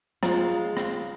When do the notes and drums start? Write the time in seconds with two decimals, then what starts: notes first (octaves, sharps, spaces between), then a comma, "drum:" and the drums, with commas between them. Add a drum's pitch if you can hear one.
0.23 G#3 F4, drum: rim click
0.77 drum: rim click